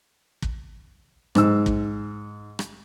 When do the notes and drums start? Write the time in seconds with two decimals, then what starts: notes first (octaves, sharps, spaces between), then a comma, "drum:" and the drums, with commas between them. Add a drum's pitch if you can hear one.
0.42 drum: kick
1.35 G#2 E6, drum: rim click
1.66 drum: kick
2.59 drum: rim click